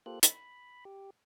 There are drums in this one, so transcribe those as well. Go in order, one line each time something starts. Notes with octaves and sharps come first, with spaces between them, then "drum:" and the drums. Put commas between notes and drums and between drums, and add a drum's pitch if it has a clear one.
A#3 F4 G4 A4 C5 F#6
B5, drum: hi-hat
G4